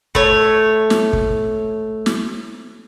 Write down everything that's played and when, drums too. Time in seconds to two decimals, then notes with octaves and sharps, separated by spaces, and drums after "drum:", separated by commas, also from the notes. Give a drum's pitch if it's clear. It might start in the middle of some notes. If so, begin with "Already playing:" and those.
0.15 A3 C#5, drum: kick
0.90 drum: snare
1.13 drum: kick
2.06 drum: snare